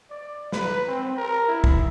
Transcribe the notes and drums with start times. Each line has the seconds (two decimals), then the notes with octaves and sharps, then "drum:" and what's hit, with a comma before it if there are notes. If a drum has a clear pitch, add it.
0.10 D5
0.52 B4, drum: snare
0.87 C4
1.17 A#4
1.48 E4
1.64 drum: kick